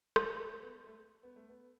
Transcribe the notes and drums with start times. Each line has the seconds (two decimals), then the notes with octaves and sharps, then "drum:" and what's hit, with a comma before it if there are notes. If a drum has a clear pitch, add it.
0.16 E3, drum: rim click
0.32 A3
0.48 A3
0.63 B3
0.87 A3
1.23 B3
1.36 A3
1.49 B3